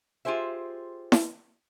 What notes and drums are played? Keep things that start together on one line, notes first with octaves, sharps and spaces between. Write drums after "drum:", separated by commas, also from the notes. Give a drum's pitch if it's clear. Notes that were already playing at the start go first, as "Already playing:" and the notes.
F4 G4 G#4 C5 E5
drum: snare E4